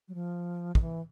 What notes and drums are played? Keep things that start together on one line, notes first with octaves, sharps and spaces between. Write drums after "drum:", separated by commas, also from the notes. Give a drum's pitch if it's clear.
F#3
F3
D#3, drum: kick
E3